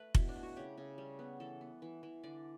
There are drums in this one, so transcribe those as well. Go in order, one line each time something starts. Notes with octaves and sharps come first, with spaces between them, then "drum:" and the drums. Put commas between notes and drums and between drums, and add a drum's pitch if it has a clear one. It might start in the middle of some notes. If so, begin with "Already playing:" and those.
Already playing: A3 B4
B2 E4, drum: kick F1
D4
A3
F#4
C#3 G4
C#3
G3
B3
E3 A4
B3
E3
E3
D3 D5